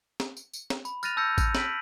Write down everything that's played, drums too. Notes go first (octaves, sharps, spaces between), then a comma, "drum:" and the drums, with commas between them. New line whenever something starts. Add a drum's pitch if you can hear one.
drum: snare
drum: tambourine
drum: tambourine
drum: snare
B5, drum: tambourine
F6 F#6 A6 A#6 D#7 F7, drum: tambourine
A5 E6 G6 A#6 C#7
drum: kick A1, tambourine
B6 D7 D#7 F#7, drum: snare